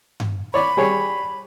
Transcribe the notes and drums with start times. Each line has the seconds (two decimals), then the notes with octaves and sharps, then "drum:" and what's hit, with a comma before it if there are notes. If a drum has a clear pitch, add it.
0.20 drum: tom G2
0.54 C#5 D5 B5
0.77 G3 G#4 C#5